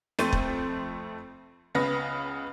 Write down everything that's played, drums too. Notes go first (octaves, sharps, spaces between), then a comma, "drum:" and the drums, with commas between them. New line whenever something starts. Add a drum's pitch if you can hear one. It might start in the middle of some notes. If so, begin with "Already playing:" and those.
F2 A3 C4 C5 A6 D#7, drum: snare
drum: kick
C#2 C#3 B3 B5 A#6